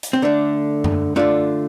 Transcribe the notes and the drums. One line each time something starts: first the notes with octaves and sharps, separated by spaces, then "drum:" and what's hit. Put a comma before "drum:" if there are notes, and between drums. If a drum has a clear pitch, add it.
drum: hi-hat
C4
D3 A3 D4
drum: tom F#2
D3 A3 D4 F4